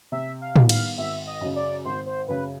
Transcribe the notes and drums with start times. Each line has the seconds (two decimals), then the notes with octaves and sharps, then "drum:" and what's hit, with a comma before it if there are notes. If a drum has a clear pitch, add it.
0.12 C3 E5
0.41 F5
0.56 D#3 G3 B3 D#4, drum: tom
0.69 F5, drum: cymbal
0.98 G#1 E5
1.27 D#5
1.41 F#2 C#3
1.56 D5
1.85 G#1 C5
2.06 C5
2.28 F#2 C#3 B4